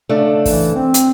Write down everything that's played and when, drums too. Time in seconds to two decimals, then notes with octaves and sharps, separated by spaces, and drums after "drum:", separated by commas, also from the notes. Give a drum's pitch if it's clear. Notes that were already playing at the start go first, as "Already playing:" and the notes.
0.09 C#3 A3 D4
0.45 E3, drum: kick, open hi-hat
0.75 C4
0.94 drum: hi-hat